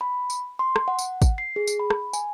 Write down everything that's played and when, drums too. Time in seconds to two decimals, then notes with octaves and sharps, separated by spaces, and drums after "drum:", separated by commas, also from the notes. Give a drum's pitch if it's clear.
0.01 B5
0.30 drum: tambourine
0.59 C6
0.76 drum: rim click
0.88 F#5
0.99 drum: tambourine
1.22 drum: kick, tambourine
1.38 C7
1.56 G#4
1.67 drum: tambourine
1.80 B5
1.90 drum: rim click
2.13 G#5, drum: tambourine